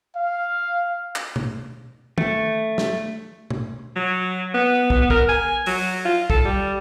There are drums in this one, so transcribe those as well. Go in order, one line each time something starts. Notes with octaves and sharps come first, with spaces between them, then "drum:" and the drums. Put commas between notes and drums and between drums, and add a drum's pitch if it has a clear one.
F5
drum: clap
drum: tom B2
A3, drum: tom
drum: snare
drum: tom B2
F#3
B3
drum: kick
A#4, drum: kick
G#5
F#3, drum: open hi-hat
F4
A4, drum: kick
G3